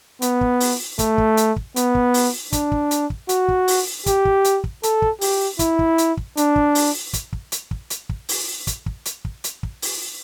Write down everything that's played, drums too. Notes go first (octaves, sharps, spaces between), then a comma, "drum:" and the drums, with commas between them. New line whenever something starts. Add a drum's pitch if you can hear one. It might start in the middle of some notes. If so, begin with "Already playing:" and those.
B3, drum: hi-hat
drum: kick
drum: open hi-hat
A3, drum: kick, hi-hat
drum: kick
drum: hi-hat
drum: kick
B3, drum: hi-hat
drum: kick
drum: open hi-hat
D4, drum: kick, hi-hat
drum: kick
drum: hi-hat
drum: kick
F#4, drum: hi-hat
drum: kick
drum: open hi-hat
G4, drum: kick, hi-hat
drum: kick
drum: hi-hat
drum: kick
A4, drum: hi-hat
drum: kick
G4, drum: open hi-hat
E4, drum: kick, hi-hat
drum: kick
drum: hi-hat
drum: kick
D4, drum: hi-hat
drum: kick
drum: open hi-hat
drum: kick, hi-hat
drum: kick
drum: hi-hat
drum: kick
drum: hi-hat
drum: kick
drum: open hi-hat
drum: kick, hi-hat
drum: kick
drum: hi-hat
drum: kick
drum: hi-hat
drum: kick
drum: open hi-hat